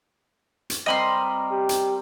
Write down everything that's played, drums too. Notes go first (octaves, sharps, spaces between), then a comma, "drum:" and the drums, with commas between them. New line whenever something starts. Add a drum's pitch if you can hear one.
drum: hi-hat
G3 C4 A#4 D#5 B5 C6
G4
drum: hi-hat